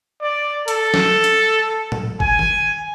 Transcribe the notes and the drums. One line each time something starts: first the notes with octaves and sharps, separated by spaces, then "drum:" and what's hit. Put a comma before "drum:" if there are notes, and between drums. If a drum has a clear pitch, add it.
D5
A4, drum: hi-hat
drum: snare
drum: hi-hat
drum: tom A2
G#5, drum: kick F#1
drum: tom D#3